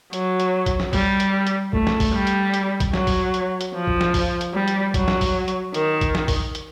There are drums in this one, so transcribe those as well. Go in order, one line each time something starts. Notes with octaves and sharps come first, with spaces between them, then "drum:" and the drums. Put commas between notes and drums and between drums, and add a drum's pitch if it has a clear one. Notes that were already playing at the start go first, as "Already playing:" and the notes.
F#3, drum: hi-hat
drum: hi-hat
drum: kick A#1, hi-hat
drum: snare
G3, drum: kick A#1, open hi-hat
drum: hi-hat
drum: hi-hat
A3, drum: kick A#1
drum: snare
drum: kick A#1, open hi-hat
G3
drum: hi-hat
drum: hi-hat
drum: kick A#1, hi-hat
F#3, drum: snare
drum: kick A#1, open hi-hat
drum: hi-hat
drum: hi-hat
F3
drum: kick A#1
drum: snare
drum: kick A#1, open hi-hat
drum: hi-hat
G3
drum: hi-hat
F#3, drum: kick A#1, hi-hat
drum: snare
drum: kick A#1, open hi-hat
drum: hi-hat
D#3, drum: hi-hat
drum: kick A#1, hi-hat
drum: snare
drum: kick A#1, open hi-hat
drum: hi-hat